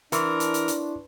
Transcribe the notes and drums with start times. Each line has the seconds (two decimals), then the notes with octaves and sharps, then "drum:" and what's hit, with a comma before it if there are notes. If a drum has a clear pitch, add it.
0.12 E3 D4 E4 A#4 C6 C#6, drum: hi-hat
0.40 drum: hi-hat
0.54 drum: hi-hat
0.68 drum: hi-hat